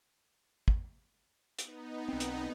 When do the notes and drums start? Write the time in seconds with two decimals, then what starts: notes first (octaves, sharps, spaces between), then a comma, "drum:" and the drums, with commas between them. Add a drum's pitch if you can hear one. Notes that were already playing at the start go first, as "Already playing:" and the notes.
0.68 drum: kick
1.59 B3 D#4, drum: hi-hat
2.09 B1 C4
2.20 drum: hi-hat